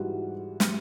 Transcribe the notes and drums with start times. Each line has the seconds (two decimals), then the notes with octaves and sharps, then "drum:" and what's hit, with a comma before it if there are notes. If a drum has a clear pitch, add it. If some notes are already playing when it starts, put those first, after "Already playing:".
Already playing: G#2 E3 G3 F#4
0.60 drum: snare